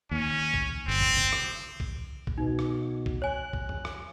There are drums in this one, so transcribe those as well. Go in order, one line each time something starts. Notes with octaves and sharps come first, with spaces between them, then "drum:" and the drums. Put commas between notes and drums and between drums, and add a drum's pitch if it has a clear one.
D#2 C#4
drum: kick B1
G1 C4
drum: kick B1
drum: tom C3
drum: rim click
drum: kick B1
drum: kick B1
B2 D#4
drum: rim click
drum: kick B1
C#5 G#5 F#6
drum: kick B1
drum: tom F2
drum: rim click